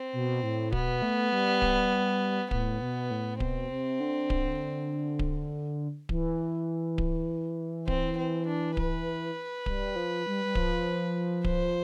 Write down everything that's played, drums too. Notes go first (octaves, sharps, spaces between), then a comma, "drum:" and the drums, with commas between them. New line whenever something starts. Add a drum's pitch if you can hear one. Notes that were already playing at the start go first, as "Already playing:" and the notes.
Already playing: C4
B2
A2
B2 B3, drum: kick D1
A3
G3
drum: kick D1
A2 B3, drum: kick D1
B2
A2
B2 C4, drum: kick D1
C3
D3
drum: kick D1
drum: kick D1
E3, drum: kick D1
drum: kick D1
C4, drum: kick D1
C4
D4
B4, drum: kick D1
G3, drum: kick D1
F3
G3
G3
F3, drum: kick D1
C5, drum: kick D1